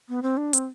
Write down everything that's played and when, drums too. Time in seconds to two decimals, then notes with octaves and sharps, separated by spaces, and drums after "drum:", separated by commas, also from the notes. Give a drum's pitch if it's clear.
0.09 B3
0.22 C4
0.37 D4
0.53 C4, drum: hi-hat